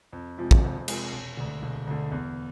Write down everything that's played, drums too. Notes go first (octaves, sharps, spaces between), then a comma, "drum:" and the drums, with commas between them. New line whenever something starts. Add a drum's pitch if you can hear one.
F2
C3 F3 G#3
drum: kick
F2
C3 F3 G#3, drum: cymbal
E1
D2 D3
E1
D2 D3
E2